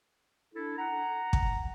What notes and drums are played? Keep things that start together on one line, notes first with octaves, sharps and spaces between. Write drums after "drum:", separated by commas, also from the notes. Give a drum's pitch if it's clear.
D4 E4 A4
F#5 A#5
drum: kick